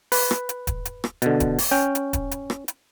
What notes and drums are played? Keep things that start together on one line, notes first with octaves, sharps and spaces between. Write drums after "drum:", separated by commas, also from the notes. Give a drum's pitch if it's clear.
B4, drum: open hi-hat
drum: rim click
drum: hi-hat
drum: kick D#1, hi-hat
drum: hi-hat
drum: rim click
B2 D3, drum: hi-hat
drum: kick D#1, hi-hat
drum: open hi-hat
C#4 G5
drum: hi-hat
drum: kick D#1, hi-hat
drum: hi-hat
drum: rim click
drum: hi-hat